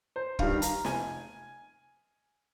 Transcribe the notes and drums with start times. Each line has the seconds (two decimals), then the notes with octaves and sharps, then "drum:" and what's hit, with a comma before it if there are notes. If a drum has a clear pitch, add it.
0.16 C5
0.39 G2 D#3 G3 F5, drum: kick
0.62 A#5, drum: hi-hat
0.85 F1 G#5, drum: snare